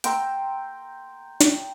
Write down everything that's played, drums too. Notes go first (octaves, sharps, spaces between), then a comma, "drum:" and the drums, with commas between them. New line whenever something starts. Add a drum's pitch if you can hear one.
G5 A#5 C6 E6, drum: hi-hat
drum: snare